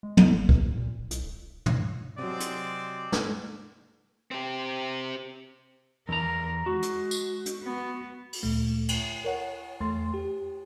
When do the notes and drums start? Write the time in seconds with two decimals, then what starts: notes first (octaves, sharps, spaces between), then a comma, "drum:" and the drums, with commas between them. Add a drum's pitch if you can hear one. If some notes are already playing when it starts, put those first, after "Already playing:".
0.03 G#3
0.17 D2, drum: tom
0.33 G1
0.49 C3, drum: kick C#2
0.62 C2
0.76 A#2
0.98 E1
1.11 B1, drum: hi-hat
1.23 D1
1.66 drum: tom
2.19 C3 F#3 G#3 C4 D5
2.40 drum: hi-hat
3.12 drum: snare
4.31 C4 G4
6.09 E2 A#4 A#5
6.66 G#3 F#4
6.82 drum: hi-hat
7.11 drum: tambourine
7.46 drum: hi-hat
7.64 B3
8.33 drum: open hi-hat
8.43 D2 A#2 A3
8.89 drum: cymbal
9.24 A#4 C#5 F#5
9.81 E2 A3 C6 A6
10.14 G4